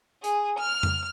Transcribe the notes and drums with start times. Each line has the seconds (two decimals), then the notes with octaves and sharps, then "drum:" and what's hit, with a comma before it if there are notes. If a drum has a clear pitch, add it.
0.24 G#4, drum: hi-hat
0.59 F6
0.83 drum: tom F2